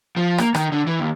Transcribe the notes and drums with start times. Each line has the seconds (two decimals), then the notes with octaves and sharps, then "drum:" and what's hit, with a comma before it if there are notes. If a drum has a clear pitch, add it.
0.16 F3
0.38 A#3, drum: rim click
0.55 D#3, drum: rim click
0.72 D3
0.87 E3
1.00 D#2